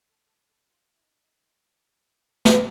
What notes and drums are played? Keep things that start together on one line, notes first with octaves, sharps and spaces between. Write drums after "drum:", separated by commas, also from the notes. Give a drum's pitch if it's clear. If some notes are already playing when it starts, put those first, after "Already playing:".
A4
A4
A4
F4
E4
D#4
D4
D#4
A4
drum: snare